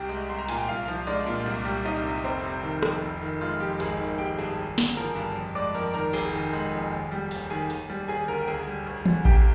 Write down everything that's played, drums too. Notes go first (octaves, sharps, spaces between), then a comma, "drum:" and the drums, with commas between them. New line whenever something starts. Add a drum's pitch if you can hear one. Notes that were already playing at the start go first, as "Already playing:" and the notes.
Already playing: C2 G4 G5
G#3
C2 C6
A#5
A#2 G#5, drum: hi-hat
G5
C2 F4 F5
F3
G#3 D4 D5
A#2
C2
G3
C2 D#4 D#5
C3
F1 C4 C5
C3
D#3
F2, drum: rim click
F1
D#3
G#3 F4
F2 G4
G#1 G#3 G#4, drum: hi-hat
D#3
G#1 G4 G5
G2 G#4 G#5
G#1
D3, drum: snare
F3 A#4 A#5
G2
F2
G#3 D5 D6
F2 A#4 A#5
D#3 A#4 A#5
F1 G#4 G#5, drum: cymbal
D#3
G#3
F2
D#2
G3
D#2, drum: open hi-hat
D#3 G#4 G#5
D#2, drum: open hi-hat
G3
D#2 G#4 G#5
D3 A#4 A#5
G5
D2 G#4 G#5
G3
D2
D3, drum: tom
C2 G4 G5, drum: kick A1